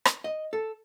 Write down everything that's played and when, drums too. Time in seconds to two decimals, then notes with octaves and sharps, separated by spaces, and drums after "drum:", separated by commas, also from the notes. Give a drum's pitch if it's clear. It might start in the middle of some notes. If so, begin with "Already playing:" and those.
0.05 drum: rim click
0.24 D#5
0.53 A4